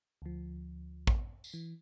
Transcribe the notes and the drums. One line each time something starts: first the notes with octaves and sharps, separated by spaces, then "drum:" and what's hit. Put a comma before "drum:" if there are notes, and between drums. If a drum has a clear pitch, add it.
D2 F3
drum: kick
drum: tambourine
E3